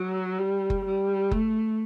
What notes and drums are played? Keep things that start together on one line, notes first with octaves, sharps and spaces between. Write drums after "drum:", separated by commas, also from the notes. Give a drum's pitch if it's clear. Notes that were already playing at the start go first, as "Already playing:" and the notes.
Already playing: F#3
G3
drum: kick F#1
G3
A3, drum: kick F#1